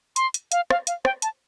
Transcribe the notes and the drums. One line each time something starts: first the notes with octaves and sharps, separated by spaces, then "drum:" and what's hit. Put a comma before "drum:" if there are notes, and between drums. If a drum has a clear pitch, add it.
C6, drum: hi-hat
drum: hi-hat
F5, drum: hi-hat
F5, drum: rim click
F5, drum: hi-hat
G5, drum: rim click
A5, drum: hi-hat